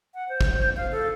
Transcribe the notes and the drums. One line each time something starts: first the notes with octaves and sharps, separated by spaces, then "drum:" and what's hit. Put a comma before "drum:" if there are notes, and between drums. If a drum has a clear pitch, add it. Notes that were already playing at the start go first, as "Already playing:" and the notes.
F#5
C5
drum: kick
F5
A4